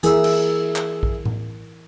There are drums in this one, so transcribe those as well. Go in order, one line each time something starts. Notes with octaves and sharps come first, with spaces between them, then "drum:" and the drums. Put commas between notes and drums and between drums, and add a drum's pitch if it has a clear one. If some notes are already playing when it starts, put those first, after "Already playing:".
E3 E4 G#4 A#4 E5, drum: hi-hat
drum: cymbal
drum: clap
drum: kick A#1
drum: tom A2